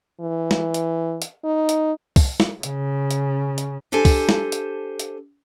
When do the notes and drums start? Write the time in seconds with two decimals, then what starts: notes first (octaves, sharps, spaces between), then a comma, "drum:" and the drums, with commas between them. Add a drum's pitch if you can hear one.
0.20 E3
0.51 drum: snare
0.74 drum: hi-hat
1.22 drum: hi-hat
1.44 D#4
1.69 drum: hi-hat
2.16 drum: kick, open hi-hat
2.40 drum: snare
2.63 C#3, drum: hi-hat
3.11 drum: hi-hat
3.58 drum: hi-hat
3.92 D4 G4 A4 C5 G#5 A5
4.05 drum: kick, open hi-hat
4.29 drum: snare
4.52 drum: hi-hat
5.00 drum: hi-hat